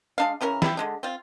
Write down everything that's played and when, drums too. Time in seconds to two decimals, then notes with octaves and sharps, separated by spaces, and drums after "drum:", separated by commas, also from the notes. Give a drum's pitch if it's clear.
0.18 G#3 D4 F5
0.41 C#3 E3 C#4 A#4
0.62 E4 G4, drum: snare
0.77 D3 G#3 D4
1.03 C4 F4